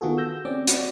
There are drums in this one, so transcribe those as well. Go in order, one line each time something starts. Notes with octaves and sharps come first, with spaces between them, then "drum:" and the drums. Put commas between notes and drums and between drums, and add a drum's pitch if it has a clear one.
D#3 B3 F4 F#4 G#4 A4
E6 G6 A#6
C4 C#4 D5 D6
F#4 D5, drum: hi-hat